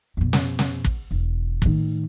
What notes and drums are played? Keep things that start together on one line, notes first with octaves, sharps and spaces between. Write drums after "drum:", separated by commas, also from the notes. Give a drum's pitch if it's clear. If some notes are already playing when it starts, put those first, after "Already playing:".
F2 B2
drum: snare
drum: snare
drum: kick
E1
A2 D#3, drum: kick